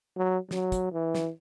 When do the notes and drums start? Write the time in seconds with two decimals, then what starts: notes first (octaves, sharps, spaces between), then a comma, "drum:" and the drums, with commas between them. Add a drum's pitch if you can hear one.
0.17 F#3
0.51 F#3, drum: snare
0.72 drum: kick, hi-hat
0.93 E3
1.15 drum: snare